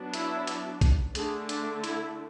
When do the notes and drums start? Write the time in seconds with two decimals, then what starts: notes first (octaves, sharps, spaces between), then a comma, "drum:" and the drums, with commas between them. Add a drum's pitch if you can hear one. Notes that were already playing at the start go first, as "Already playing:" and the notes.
Already playing: F#3 B3 D4
0.14 E4, drum: hi-hat
0.47 drum: hi-hat
0.81 drum: kick B1, hi-hat
1.15 D3 A3 D4 G#4, drum: hi-hat
1.49 D4, drum: hi-hat
1.84 E4, drum: hi-hat